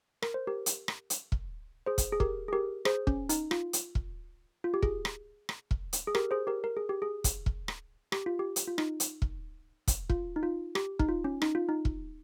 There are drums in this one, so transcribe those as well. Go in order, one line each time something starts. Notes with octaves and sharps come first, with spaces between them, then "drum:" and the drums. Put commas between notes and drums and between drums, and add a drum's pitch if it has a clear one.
A#4, drum: rim click
C5
G4 A#4
drum: hi-hat
drum: rim click
drum: hi-hat
drum: kick
G#4 C5
drum: kick, hi-hat
G#4
G4 A#4, drum: kick
G#4
G4 A#4
G#4 C5, drum: rim click
C#4, drum: kick
D#4, drum: hi-hat
F4, drum: rim click
drum: hi-hat
drum: kick
F4
G4
G#4, drum: kick
drum: rim click
drum: rim click
drum: kick
drum: hi-hat
G#4
G4 A#4, drum: rim click
G#4 C5
G4 A#4
A#4
G#4
G4
G#4
drum: kick, hi-hat
drum: kick
drum: rim click
G4, drum: rim click
F4
G4
drum: hi-hat
F4
D#4, drum: rim click
drum: hi-hat
drum: kick
drum: kick, hi-hat
F4, drum: kick
D#4
F4
G4, drum: rim click
D#4, drum: kick
F4
C#4
D#4, drum: rim click
F4
D#4
drum: kick